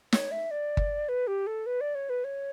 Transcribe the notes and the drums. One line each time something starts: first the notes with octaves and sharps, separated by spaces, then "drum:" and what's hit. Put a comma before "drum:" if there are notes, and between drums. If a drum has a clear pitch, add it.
C#5, drum: snare
E5
D5
drum: kick G1
B4
G4
A4
B4
D5
C#5
B4
C#5